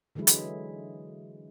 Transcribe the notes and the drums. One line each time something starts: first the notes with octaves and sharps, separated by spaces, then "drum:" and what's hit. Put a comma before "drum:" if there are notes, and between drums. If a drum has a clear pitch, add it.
D3 E3 F#3 G#3 E4
drum: hi-hat